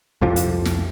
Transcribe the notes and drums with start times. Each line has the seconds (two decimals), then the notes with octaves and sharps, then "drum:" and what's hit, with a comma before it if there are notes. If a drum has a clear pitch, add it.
0.21 C2 F2 C3 F3
0.36 drum: hi-hat
0.65 drum: snare